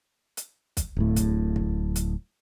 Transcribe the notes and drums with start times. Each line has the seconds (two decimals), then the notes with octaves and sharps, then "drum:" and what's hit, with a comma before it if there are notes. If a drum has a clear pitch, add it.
0.37 drum: hi-hat
0.77 drum: kick, hi-hat
0.97 D1 A2
1.16 drum: kick, hi-hat
1.56 drum: kick
1.96 drum: hi-hat